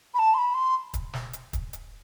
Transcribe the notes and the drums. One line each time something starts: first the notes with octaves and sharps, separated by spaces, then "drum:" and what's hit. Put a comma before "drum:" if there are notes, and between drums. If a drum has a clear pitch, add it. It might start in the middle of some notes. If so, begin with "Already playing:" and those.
B5
A5
C6
B5
C6
drum: kick, hi-hat
drum: snare
drum: hi-hat
drum: kick, hi-hat
drum: hi-hat